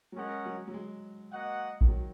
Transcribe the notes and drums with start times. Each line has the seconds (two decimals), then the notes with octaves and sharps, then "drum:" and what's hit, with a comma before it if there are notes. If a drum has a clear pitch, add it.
0.12 F#3
0.17 G#3 C#4 A#4 D#5 F#5
0.46 F#3
0.68 F#3
0.74 G#3
1.31 A#3 F#4 D#5 F#5
1.81 D#3, drum: kick A#1
1.88 F#3